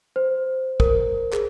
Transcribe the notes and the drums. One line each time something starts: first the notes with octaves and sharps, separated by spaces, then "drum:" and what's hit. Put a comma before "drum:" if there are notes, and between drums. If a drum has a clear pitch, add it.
C5
A#4, drum: kick
G#4, drum: clap